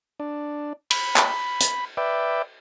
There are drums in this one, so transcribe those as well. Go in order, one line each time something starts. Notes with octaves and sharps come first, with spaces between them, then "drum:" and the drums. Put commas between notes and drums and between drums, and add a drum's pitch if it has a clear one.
D4
B5, drum: cymbal
drum: clap
drum: hi-hat
B4 D5 E5 G5